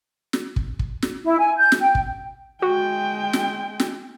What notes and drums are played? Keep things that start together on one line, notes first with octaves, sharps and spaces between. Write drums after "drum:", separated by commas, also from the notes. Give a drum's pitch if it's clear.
drum: snare
drum: kick
drum: kick
drum: snare
E4
G#5
G6
drum: snare
G5
drum: kick
G#3 F#4 G5
drum: snare
drum: snare